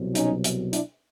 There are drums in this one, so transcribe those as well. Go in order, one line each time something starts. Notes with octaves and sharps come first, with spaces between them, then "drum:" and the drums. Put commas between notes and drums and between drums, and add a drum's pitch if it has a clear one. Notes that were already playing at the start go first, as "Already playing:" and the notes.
Already playing: C2 B2 F#3
C#4 D#4, drum: hi-hat
drum: hi-hat
D4 E4, drum: hi-hat